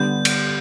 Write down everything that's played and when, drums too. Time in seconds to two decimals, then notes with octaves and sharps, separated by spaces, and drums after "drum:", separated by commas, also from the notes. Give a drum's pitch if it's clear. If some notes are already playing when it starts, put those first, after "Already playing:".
Already playing: D3 G3 B3 G6
0.25 drum: cymbal